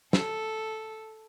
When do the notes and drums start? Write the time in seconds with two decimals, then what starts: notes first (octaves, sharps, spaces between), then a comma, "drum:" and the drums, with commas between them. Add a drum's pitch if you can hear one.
0.13 A4, drum: snare